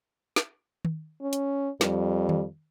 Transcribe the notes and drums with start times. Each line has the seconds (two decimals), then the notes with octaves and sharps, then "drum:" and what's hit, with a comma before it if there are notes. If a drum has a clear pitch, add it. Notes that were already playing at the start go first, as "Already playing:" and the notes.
0.36 drum: snare
0.85 drum: tom D#3
1.22 C#4
1.33 drum: hi-hat
1.81 F2 G3, drum: snare
2.29 drum: tom D#3